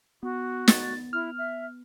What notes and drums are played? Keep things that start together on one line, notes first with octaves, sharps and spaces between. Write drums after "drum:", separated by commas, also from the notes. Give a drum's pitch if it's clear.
B3 F#4
A6, drum: snare
E4 F6
E5